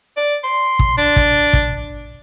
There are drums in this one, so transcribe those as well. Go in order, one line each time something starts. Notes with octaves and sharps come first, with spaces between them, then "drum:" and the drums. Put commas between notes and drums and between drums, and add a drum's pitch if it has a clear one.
D5
C6
drum: kick
D4
drum: kick
drum: kick